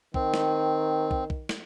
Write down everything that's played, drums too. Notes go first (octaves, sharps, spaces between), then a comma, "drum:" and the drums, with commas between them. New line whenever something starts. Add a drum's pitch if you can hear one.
D#3 C4, drum: kick
drum: snare
drum: kick
drum: kick
drum: snare